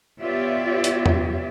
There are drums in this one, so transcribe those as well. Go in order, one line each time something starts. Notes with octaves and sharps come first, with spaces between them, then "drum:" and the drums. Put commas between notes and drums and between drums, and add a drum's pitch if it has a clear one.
B3 F4 G4 C#5 D5 E5
drum: hi-hat
drum: tom E2